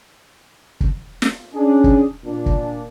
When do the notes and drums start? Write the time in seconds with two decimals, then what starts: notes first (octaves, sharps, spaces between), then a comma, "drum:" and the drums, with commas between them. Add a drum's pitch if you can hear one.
0.80 drum: kick
1.22 drum: snare
1.55 C#4 D4 G#4
1.84 drum: kick
2.25 A#2 D4
2.46 drum: kick